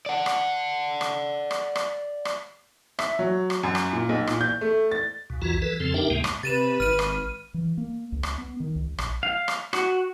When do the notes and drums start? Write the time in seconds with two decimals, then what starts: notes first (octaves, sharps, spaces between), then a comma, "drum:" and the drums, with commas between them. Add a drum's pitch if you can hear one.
0.06 D5 F#5
0.26 drum: rim click
1.01 drum: rim click
1.51 drum: rim click
1.76 drum: rim click
2.25 drum: rim click
2.99 E5, drum: rim click
3.19 F#3
3.50 drum: rim click
3.63 F#2
3.75 drum: rim click
3.93 A#2
4.09 B1
4.27 A#2, drum: rim click
4.41 G6
4.61 A3
4.91 A6
5.30 C#2 B2
5.42 B1 E2 E3 F4 F#4 A#5
5.62 E3 A4 B4
5.80 F2 C#3 F3 C4 A4
5.94 D4 D#4 G4 A#4 E5 G5
6.10 D2 G#2 C3 G#3 A#3
6.24 drum: rim click
6.43 C3 B4 A6 D#7 E7
6.80 G#1 F6 D#7
6.99 drum: rim click
7.54 E3
7.78 A#3
8.12 C#2
8.23 drum: rim click
8.38 B3
8.60 D#3
8.75 C#2
8.98 A#1, drum: rim click
9.23 F5
9.48 drum: rim click
9.73 F#4, drum: rim click